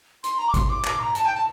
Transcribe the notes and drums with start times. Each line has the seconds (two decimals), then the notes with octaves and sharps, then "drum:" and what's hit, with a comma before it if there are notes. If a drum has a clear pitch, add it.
0.24 C6, drum: hi-hat
0.38 A#5
0.48 D6
0.54 C6, drum: kick G#1, hi-hat
0.69 D6
0.85 D6, drum: clap
0.99 A#5
1.15 A5, drum: hi-hat
1.25 G5
1.35 A5